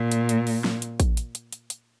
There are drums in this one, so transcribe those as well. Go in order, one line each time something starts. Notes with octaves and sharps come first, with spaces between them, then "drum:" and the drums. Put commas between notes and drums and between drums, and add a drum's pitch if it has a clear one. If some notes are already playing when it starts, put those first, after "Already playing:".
Already playing: A#2
drum: hi-hat
drum: hi-hat
drum: open hi-hat
drum: snare
drum: hi-hat
drum: kick A1, hi-hat
drum: hi-hat
drum: hi-hat
drum: hi-hat
drum: hi-hat